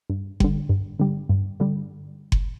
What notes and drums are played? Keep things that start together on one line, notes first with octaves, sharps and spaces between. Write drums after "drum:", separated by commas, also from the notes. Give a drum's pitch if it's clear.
G2
D3 G3, drum: kick F#1
G2
D3 G3
G2
D3 G3
drum: kick F#1